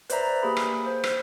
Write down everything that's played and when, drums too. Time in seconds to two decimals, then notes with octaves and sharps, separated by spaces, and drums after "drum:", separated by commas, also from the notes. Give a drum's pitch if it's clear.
0.10 B4 C5 D5 E5 A#5, drum: hi-hat
0.42 A#3 G4 G#4 B5
0.57 drum: rim click
0.86 C5
1.04 drum: rim click